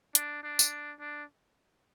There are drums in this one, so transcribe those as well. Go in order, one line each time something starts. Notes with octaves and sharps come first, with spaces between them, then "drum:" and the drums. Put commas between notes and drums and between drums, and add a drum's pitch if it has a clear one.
D4, drum: hi-hat
D4
drum: tambourine
D4